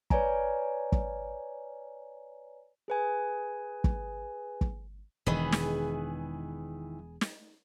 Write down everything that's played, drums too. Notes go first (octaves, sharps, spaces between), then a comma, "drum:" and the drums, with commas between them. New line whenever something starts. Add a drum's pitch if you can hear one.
B4 C#5 D5 G#5 A#5, drum: kick
drum: kick
G#4 B4 G#5
drum: kick
drum: kick
E1 D#3 E3 G#4 B4
drum: snare
drum: snare